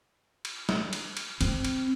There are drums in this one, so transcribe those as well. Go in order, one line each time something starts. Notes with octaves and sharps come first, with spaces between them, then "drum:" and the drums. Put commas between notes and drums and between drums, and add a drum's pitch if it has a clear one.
drum: cymbal
drum: snare
drum: cymbal
drum: cymbal
C4, drum: cymbal
drum: cymbal